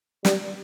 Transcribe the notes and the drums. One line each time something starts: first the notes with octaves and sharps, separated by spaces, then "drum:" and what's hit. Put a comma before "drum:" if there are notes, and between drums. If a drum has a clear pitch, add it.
G3, drum: snare